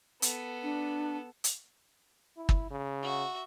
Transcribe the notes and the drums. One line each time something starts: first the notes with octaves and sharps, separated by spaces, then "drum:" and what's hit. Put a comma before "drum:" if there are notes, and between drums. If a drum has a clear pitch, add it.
B3 A4, drum: hi-hat
D4
drum: hi-hat
E4
drum: kick
C#3
F#4 E5